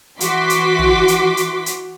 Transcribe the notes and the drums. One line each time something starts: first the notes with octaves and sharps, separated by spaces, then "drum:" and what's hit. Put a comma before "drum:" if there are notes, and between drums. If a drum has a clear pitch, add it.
E3 F#4 C6 D6 B6, drum: hi-hat
drum: hi-hat
drum: tom
drum: hi-hat
drum: hi-hat
drum: hi-hat